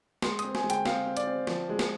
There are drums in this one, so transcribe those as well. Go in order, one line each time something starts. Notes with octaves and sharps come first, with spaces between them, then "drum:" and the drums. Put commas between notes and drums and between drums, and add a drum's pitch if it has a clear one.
G#3 C6, drum: snare
D#6, drum: hi-hat
C4
G#5, drum: snare
G#3
G5, drum: hi-hat
C4 F5, drum: snare
C4
D5, drum: hi-hat
C4
F3, drum: snare
G#3
drum: snare